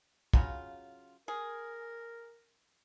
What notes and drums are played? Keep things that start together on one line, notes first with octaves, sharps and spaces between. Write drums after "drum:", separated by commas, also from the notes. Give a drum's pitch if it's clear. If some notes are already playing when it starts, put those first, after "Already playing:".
C#3 F#3 F4, drum: kick
G#4 A#4